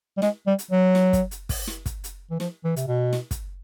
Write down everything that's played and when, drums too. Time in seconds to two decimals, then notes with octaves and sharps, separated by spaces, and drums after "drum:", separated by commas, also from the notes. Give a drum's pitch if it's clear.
0.17 G3
0.22 G#3, drum: snare
0.47 G3
0.59 drum: hi-hat
0.71 F#3
0.95 drum: snare
1.13 drum: kick, hi-hat
1.31 drum: hi-hat
1.49 drum: kick, open hi-hat
1.67 drum: snare
1.86 drum: kick, hi-hat
2.04 drum: hi-hat
2.31 E3
2.40 F3, drum: snare
2.64 E3
2.76 C3, drum: hi-hat
2.88 B2
3.13 drum: snare
3.31 drum: kick, hi-hat